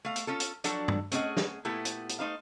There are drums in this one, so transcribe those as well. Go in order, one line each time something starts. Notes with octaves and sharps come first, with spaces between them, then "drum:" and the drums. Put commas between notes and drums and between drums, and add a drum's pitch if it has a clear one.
A3 F5
drum: hi-hat
C#4 F4 A4
drum: hi-hat
F3 F#3 D4 F#4 A4, drum: hi-hat
drum: tom G2
A3 C4 C#4 G#4 D#5 F#5, drum: hi-hat
drum: snare
A#2 A3 B3 E4 G4 A4
drum: hi-hat
drum: hi-hat
A3 D#4 C5 F5